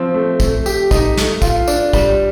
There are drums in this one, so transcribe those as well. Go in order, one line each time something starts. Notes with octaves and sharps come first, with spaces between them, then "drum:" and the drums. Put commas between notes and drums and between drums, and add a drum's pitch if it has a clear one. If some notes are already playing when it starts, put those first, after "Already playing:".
Already playing: F3 C4
A3
A3, drum: kick, tambourine
G4, drum: tambourine
D#4, drum: kick, tambourine
A3, drum: snare
F4, drum: kick, tambourine
D4, drum: tambourine
G3, drum: kick, tambourine